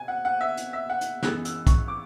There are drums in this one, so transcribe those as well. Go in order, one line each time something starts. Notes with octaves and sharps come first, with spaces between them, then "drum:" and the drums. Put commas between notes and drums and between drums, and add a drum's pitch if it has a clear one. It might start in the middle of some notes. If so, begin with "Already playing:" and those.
Already playing: B2 G#5
F#5
F#5
E5
drum: hi-hat
E5
F#5
drum: hi-hat
F#2 E3 G#3 B3 F#6, drum: snare
E6, drum: hi-hat
C#6, drum: kick, hi-hat
D6